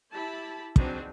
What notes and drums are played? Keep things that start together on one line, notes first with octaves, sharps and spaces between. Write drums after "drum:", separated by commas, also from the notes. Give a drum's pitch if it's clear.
E4 G4 A5 B5
C4 D4 D#4 F#4 G#4 B4, drum: kick